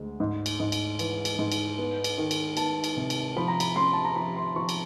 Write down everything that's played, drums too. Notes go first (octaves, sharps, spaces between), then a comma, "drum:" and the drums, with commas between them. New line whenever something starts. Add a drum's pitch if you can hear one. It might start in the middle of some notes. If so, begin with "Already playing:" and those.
Already playing: D2 G#3
G#2
drum: cymbal
G#2
drum: cymbal
E3, drum: cymbal
drum: cymbal
G#2
drum: cymbal
B3
drum: cymbal
D#3
drum: cymbal
B3 A5, drum: cymbal
drum: cymbal
C3
drum: cymbal
F3 B5
A#5
B5, drum: cymbal
C#4 C6
A5
A#5
F3 B5
C6
F3 C#6
drum: cymbal